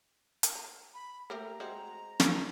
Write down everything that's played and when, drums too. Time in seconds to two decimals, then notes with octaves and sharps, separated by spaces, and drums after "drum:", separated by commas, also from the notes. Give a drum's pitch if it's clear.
0.43 drum: hi-hat
0.55 A#5
0.94 B5
1.30 A3 G4 A#4 A#5
1.60 G#3 C4 F#4
2.20 drum: snare